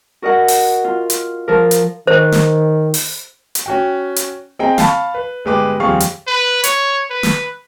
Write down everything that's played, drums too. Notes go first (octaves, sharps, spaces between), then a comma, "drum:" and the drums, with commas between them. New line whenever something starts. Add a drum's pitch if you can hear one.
F#4 A#4 D#5 F#5
drum: open hi-hat
F4
drum: hi-hat
F3 A#4
drum: hi-hat
D#3 C5
drum: snare
drum: open hi-hat
drum: hi-hat
C#4 F#4 G5
drum: hi-hat
C4 G#4 D#5 G5 A#5
F5 A5 B5 C#6, drum: snare
B4
G1 G#3 G4 B4 G5 D6
D#1 F2 G3 G#4 F5 C#6
drum: hi-hat
B4
C#5, drum: hi-hat
B4
drum: snare